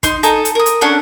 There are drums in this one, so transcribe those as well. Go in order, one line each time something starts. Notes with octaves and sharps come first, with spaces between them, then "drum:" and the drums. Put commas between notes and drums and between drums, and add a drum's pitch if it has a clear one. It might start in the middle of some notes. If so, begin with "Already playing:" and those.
D#4 C6, drum: kick, hi-hat
D#4 A4 G#5 A#5, drum: hi-hat
drum: hi-hat
A#4 D#6
drum: hi-hat
A3 C#4 D4 F#5